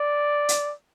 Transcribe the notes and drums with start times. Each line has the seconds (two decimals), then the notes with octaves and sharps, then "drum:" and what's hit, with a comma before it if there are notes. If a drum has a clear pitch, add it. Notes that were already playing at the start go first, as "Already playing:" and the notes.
Already playing: D5
0.49 drum: hi-hat